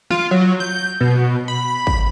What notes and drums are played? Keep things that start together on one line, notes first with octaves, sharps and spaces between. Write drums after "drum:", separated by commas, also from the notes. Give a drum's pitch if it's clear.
F4, drum: snare
F#3
G6
B2
B5
drum: kick